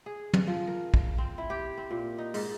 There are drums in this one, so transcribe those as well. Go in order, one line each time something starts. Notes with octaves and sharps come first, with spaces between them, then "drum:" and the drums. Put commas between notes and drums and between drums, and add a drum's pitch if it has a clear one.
G#4
drum: tom
F3
A#4
drum: kick
C4
E4
G4
C4
A#2
D#4
G#2, drum: open hi-hat